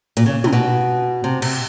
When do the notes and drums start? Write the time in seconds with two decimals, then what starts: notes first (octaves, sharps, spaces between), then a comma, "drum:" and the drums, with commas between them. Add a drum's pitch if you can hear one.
0.17 A#2, drum: hi-hat
0.26 C#3
0.44 C3, drum: tom
0.52 B2
1.24 C3
1.42 C3, drum: cymbal